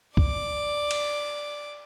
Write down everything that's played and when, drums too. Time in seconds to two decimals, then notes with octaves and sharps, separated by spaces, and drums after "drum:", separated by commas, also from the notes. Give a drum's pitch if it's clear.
0.17 D5 D6, drum: kick
0.91 drum: cymbal